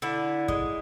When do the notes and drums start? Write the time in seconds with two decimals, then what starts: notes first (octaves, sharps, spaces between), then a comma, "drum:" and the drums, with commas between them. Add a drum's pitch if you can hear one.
0.02 D3 E4
0.48 G#3, drum: kick